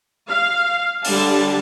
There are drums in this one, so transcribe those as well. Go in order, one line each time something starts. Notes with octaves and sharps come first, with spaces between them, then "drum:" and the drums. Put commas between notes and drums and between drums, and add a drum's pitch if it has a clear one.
F5
D3 G3 D4 A5, drum: open hi-hat